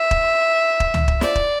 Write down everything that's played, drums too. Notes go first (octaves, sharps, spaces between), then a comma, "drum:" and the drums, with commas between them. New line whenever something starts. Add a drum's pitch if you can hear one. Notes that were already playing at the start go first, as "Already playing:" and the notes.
Already playing: E5
drum: kick
drum: kick
drum: tom C#2
drum: kick
D5, drum: snare
drum: kick